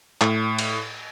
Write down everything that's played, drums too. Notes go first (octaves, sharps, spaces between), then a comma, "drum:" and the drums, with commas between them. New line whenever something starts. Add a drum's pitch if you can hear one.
A2, drum: clap
drum: cymbal